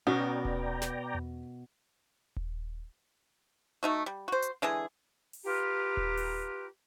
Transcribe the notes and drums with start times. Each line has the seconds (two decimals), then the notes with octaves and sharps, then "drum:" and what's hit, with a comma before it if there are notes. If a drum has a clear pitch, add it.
0.07 B2 B3 C#4 A#4 D5 G5 A#5
0.45 drum: kick D#1
0.82 drum: snare
1.15 drum: tom E2
2.36 drum: kick D#1
3.83 A3 D#4 F#4
4.06 G3
4.28 F#4 C5
4.42 drum: hi-hat
4.62 D3 E3 G#3 G#4
5.33 drum: open hi-hat
5.44 F4 G4 B4 A#5
5.97 drum: kick D#1
6.17 drum: open hi-hat